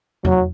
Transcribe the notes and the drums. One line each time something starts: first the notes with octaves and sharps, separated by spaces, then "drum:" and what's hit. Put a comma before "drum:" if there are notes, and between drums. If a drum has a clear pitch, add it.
F#3, drum: tom E2